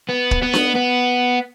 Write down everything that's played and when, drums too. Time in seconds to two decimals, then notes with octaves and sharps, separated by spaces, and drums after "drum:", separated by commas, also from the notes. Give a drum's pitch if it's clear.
0.09 B3
0.31 drum: kick
0.42 B3
0.53 drum: snare D4
0.76 B3